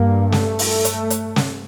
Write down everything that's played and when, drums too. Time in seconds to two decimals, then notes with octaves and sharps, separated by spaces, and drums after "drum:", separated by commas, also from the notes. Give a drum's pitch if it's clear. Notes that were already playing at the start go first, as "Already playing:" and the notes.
Already playing: G2 A#3
0.32 A3, drum: snare
0.59 drum: open hi-hat
0.85 drum: hi-hat
1.10 drum: hi-hat
1.36 drum: snare